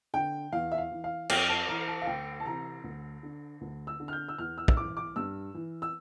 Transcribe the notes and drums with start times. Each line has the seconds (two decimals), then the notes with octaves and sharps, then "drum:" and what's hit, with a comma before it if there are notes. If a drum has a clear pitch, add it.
0.14 D3 G5
0.53 E2 F5
0.72 E5
0.78 F5
0.92 E3
1.04 F5
1.29 F2 G5, drum: cymbal
1.49 A5
1.68 E3 A#5
1.88 A5
2.02 F5
2.07 D2 G5
2.40 A5
2.45 C3 E3 A#5
2.84 D2
3.23 D3
3.61 D2
3.87 E6
4.00 D3
4.08 F6
4.13 G6
4.29 E6
4.38 E2 F6
4.58 E6
4.68 E6, drum: kick
4.77 E3 D6
4.97 D6
5.16 G2 E6
5.55 E3
5.82 E6